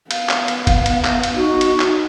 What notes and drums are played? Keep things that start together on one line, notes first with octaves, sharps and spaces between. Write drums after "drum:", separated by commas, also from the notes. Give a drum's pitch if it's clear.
B3 F5, drum: cymbal
drum: clap
drum: cymbal
drum: kick, cymbal
drum: cymbal
drum: clap
drum: cymbal
D#4 F#4
drum: cymbal
drum: clap